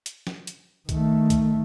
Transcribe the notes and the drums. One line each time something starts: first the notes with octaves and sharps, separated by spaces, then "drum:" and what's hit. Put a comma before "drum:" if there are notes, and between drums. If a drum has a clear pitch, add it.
drum: hi-hat
drum: snare
drum: hi-hat
D#3 A3, drum: kick C2, hi-hat
drum: kick C2, hi-hat